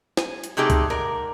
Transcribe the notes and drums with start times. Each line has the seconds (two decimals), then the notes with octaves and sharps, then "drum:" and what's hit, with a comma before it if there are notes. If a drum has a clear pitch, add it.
0.17 G#5, drum: snare
0.44 drum: hi-hat
0.57 C3 A3 D#4 G4 G#4 D5
0.70 drum: kick C#2, hi-hat
0.90 G#2 A#4 D5